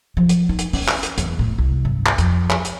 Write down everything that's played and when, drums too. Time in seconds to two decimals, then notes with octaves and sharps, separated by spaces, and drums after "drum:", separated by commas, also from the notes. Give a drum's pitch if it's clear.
0.17 F3
0.29 drum: hi-hat
0.49 D#4
0.59 drum: hi-hat
0.73 C#4, drum: open hi-hat
0.88 drum: clap
1.03 drum: hi-hat
1.18 E2, drum: hi-hat
1.39 A2
1.58 C2
1.85 G2
2.06 drum: clap
2.18 F2, drum: hi-hat
2.50 drum: clap
2.65 drum: hi-hat